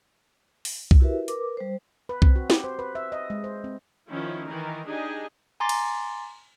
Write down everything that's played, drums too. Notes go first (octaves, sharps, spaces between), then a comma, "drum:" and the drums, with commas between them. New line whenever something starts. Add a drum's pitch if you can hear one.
drum: open hi-hat
drum: kick C2
E4 F#4 G4 A#4 B4 E5
A#4 B4 D6, drum: hi-hat
G3 C5
B4
C4, drum: kick C2
F#4
G4, drum: snare
C5
B4
E5
D#5
G#3
C5
C4
D#3 F3 C#4 E4
D#3 E3 D#4 A#4
D4 D#4 G4 G#4 D#5 G#5
G#5 A#5 C6 D6 A6
drum: cymbal